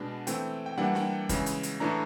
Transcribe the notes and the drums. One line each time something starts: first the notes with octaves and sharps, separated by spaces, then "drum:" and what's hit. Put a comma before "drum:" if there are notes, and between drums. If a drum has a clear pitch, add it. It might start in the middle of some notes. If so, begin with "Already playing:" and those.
Already playing: B2 G#3 B3 D4
E3 A3 C4 G5, drum: hi-hat
G5
E3 G3 A#3 D4 F#5
G5, drum: snare
C#3 E3 G#3, drum: kick, hi-hat
drum: hi-hat
drum: hi-hat
A2 E3 A3 D4 A#5